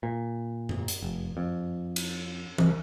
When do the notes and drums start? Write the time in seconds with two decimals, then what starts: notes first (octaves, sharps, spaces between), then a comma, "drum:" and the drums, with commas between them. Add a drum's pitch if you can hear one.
0.03 A#2
0.69 drum: tom F#2
0.88 drum: hi-hat
1.03 F1
1.37 F2
1.96 drum: cymbal
2.58 C2, drum: tom E3